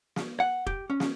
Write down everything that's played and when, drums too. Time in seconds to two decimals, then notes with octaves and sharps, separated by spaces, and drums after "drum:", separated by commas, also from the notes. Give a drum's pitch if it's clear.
0.16 drum: snare
0.40 F#5
0.66 G4, drum: kick F1
0.90 C#4
1.00 drum: snare